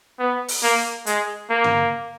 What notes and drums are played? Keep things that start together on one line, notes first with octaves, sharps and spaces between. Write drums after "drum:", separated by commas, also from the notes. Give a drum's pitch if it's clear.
B3
drum: open hi-hat
A#3
G#3, drum: hi-hat
A#3
drum: tom